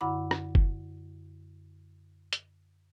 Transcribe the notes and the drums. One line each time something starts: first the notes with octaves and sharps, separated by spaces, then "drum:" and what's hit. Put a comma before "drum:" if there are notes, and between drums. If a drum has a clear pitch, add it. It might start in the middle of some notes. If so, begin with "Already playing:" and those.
F#2 D3 E4 F#5 B5 D6
drum: rim click
drum: kick F#1
drum: hi-hat